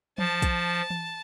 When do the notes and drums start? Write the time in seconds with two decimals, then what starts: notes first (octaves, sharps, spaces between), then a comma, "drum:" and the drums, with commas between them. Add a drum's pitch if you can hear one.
0.18 F3 A5, drum: tom F3
0.42 drum: kick, hi-hat
0.90 drum: tom E3